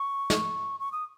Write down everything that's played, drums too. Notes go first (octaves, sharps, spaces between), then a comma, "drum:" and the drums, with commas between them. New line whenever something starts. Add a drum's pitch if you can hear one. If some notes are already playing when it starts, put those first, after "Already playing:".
Already playing: C#6
drum: snare
C#6
D#6